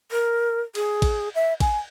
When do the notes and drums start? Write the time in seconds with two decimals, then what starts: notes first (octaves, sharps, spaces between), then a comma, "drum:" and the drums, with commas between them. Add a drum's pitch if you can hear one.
0.12 A#4
0.75 G#4, drum: cymbal
1.02 drum: kick A1, cymbal
1.35 E5
1.60 G#5, drum: kick A1, cymbal